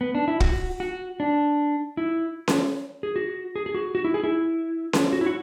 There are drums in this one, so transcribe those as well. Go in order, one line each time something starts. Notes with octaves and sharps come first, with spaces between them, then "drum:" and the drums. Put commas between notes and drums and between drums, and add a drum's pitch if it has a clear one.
B3
D4
E4
F#4, drum: kick
F#4
D4
E4
drum: snare C#4
G#4
F#4
G#4
G#4
F#4
F#4
E4
G#4
E4
drum: snare C#4
F#4
E4
F#4